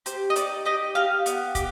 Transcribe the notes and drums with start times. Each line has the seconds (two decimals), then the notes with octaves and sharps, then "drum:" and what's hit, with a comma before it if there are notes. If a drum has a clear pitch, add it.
0.06 G4 C5, drum: hi-hat
0.30 D#5
0.36 D#4 D5, drum: hi-hat
0.65 G4 D#5
0.95 G4 F5
1.26 B3, drum: hi-hat
1.55 G4, drum: kick, hi-hat